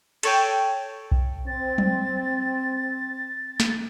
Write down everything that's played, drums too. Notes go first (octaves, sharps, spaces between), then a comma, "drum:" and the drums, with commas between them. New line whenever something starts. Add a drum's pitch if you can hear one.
A4 C#5 G5, drum: cymbal
drum: kick B1
C4 A6
drum: tom F#3
drum: snare